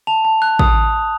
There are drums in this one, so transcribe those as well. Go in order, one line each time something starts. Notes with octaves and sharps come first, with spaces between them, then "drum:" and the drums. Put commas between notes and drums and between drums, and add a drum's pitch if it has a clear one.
A5 F7
A5
F#6
D#6, drum: kick